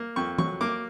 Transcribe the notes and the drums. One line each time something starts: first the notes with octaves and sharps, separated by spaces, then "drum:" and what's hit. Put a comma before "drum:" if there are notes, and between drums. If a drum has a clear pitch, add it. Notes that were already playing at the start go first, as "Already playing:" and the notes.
Already playing: A#3
F2 C#6
F#3 C#6, drum: tom E3
A#3 D6